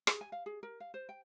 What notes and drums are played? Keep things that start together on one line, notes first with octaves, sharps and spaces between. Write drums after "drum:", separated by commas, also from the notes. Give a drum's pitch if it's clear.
G#4, drum: rim click
G#5
F5
G#4
A#4
F5
C5
G5